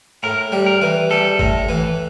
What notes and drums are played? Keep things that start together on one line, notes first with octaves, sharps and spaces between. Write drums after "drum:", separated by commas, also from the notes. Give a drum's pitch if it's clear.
A2 A#4
G3
A#4
E3
G3 A4
A2, drum: kick G1
E3